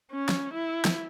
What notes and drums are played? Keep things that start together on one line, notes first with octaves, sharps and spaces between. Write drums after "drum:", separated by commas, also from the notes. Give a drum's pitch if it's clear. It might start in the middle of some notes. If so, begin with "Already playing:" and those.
C#4
drum: snare
E4
drum: snare